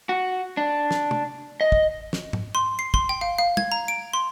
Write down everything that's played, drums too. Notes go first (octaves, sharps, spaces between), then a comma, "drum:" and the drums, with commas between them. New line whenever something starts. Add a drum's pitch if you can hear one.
F#4
D4
drum: snare
drum: tom
D#5
drum: kick
drum: snare
drum: tom G#2
C6
C7
C6, drum: kick
G5
F5
F5
G#6, drum: tom
A#5
D7
C6